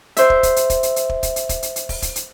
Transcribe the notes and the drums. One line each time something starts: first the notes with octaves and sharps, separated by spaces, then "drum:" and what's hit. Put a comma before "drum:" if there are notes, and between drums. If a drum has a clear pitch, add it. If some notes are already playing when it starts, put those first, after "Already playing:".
C5 E5, drum: hi-hat
drum: kick
drum: kick, hi-hat
drum: hi-hat
drum: kick, hi-hat
drum: hi-hat
drum: hi-hat
drum: kick
drum: kick, hi-hat
drum: hi-hat
drum: kick, hi-hat
drum: hi-hat
drum: hi-hat
drum: kick, open hi-hat
drum: kick, hi-hat
drum: hi-hat